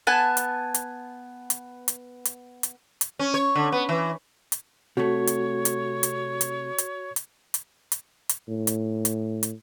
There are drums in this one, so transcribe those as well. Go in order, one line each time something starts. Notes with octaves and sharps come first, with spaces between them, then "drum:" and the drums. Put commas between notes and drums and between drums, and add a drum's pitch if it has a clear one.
B3 G#5 A5
drum: hi-hat
drum: hi-hat
drum: hi-hat
drum: hi-hat
drum: hi-hat
drum: hi-hat
drum: hi-hat
C#4
C#5
D3
B3
E3
drum: hi-hat
C3 A3 F#4 C#5
drum: hi-hat
drum: hi-hat
drum: hi-hat
drum: hi-hat
drum: hi-hat
drum: hi-hat
drum: hi-hat
drum: hi-hat
drum: hi-hat
A2
drum: hi-hat
drum: hi-hat
drum: hi-hat